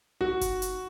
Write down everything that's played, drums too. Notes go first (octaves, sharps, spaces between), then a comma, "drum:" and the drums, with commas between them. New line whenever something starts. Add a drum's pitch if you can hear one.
F#4
drum: kick F#1, hi-hat
drum: hi-hat